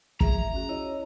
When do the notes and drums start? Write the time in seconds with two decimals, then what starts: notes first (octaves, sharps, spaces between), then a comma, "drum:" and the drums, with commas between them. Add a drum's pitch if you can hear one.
0.21 G#4 E5 A#5, drum: kick
0.54 C#4 F#4
0.69 E4 C#5 D#5